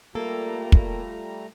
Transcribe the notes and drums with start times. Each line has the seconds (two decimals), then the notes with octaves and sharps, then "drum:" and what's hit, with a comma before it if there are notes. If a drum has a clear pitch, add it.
0.15 G3 A3 A#3 F4 A4 A#5
0.72 drum: kick